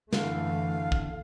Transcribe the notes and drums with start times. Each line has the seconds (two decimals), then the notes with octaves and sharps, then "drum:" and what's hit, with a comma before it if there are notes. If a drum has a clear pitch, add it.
0.13 F#2 D3 E3 A3 F5, drum: snare
0.92 drum: kick